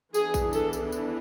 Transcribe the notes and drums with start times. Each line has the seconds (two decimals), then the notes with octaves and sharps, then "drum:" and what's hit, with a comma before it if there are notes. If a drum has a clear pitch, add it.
0.14 E3 B3 D4 G#4, drum: tambourine
0.34 drum: kick A#1, tambourine
0.53 A4, drum: tambourine
0.73 drum: tambourine
0.92 drum: tambourine